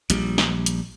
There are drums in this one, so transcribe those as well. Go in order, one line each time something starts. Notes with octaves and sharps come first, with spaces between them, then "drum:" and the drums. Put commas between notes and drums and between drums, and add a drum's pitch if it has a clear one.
A#1 G3, drum: hi-hat
drum: snare
drum: hi-hat